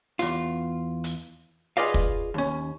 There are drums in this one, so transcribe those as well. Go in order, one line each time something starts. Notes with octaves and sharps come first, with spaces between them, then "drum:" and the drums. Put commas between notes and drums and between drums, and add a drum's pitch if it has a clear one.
E2 F4, drum: hi-hat
drum: hi-hat
F4 G#4 B4 D5 D#5 F5
drum: kick
D#2 C#4